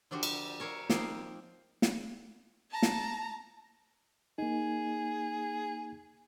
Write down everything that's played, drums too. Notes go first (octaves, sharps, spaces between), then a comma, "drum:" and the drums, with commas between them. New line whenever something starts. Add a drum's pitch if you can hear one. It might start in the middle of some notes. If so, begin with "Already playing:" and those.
D3 F3 D4 F#4 G4
drum: cymbal
A#4 C#5 E5 F5
F3 A#3 C4 D#4 A#4 C5, drum: snare
drum: snare
A5 A#5
drum: snare
A#3 D#4 G#4